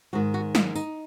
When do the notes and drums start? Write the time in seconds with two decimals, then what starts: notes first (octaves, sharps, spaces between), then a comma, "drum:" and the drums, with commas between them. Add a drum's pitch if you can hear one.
0.13 G#2 D#3 F#4
0.34 F#4
0.55 F4, drum: snare
0.75 D#4, drum: tambourine